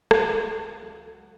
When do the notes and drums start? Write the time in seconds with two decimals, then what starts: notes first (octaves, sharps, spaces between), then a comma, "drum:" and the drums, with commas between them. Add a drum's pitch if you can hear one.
0.11 E5, drum: rim click
0.24 F5
0.38 F#5
0.50 C#2 G5
0.72 F5
0.82 F#3
0.93 F5
1.14 F#5